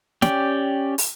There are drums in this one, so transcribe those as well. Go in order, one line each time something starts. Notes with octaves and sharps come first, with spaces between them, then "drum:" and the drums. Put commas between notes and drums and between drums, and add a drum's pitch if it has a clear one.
C#4 G4 D5 G5, drum: snare
drum: open hi-hat